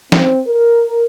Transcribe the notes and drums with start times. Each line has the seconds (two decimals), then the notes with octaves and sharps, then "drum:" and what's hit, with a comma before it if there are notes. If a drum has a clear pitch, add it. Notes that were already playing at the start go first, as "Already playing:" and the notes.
0.12 C4 C5, drum: snare
0.48 A#4